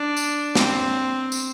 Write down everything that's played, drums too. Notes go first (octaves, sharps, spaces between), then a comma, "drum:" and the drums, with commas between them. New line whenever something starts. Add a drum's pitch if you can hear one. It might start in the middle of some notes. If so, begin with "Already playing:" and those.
Already playing: D4
drum: tambourine
C4, drum: snare
drum: tambourine